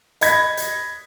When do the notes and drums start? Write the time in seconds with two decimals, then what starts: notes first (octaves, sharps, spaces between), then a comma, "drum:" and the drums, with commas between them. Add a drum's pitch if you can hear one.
0.21 D#5 B5 G#6 A#6 B6, drum: hi-hat
0.57 drum: hi-hat